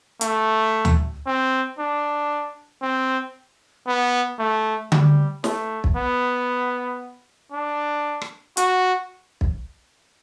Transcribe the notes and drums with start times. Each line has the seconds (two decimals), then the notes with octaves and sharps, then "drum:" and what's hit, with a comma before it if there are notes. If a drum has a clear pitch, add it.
0.21 A3, drum: hi-hat
0.85 drum: tom D2
1.26 C4
1.79 D4
2.82 C4
3.87 B3
4.39 A3
4.92 G3, drum: tom D3
5.44 A3, drum: snare
5.84 drum: kick
5.96 B3
7.52 D4
8.21 drum: rim click
8.57 F#4, drum: hi-hat
9.41 drum: kick